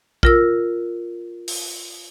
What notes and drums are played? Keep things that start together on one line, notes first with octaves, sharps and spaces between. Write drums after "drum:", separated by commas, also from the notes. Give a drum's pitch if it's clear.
F4 A#4 E6, drum: kick A#1
drum: open hi-hat